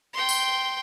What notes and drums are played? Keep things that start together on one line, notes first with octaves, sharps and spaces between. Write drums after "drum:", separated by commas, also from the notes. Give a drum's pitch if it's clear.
G5 C6
drum: tambourine